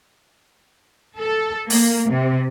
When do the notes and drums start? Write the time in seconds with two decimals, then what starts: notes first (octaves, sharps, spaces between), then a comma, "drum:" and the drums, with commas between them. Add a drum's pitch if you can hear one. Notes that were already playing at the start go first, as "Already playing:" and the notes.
1.18 A4
1.70 A#3, drum: open hi-hat
2.09 C3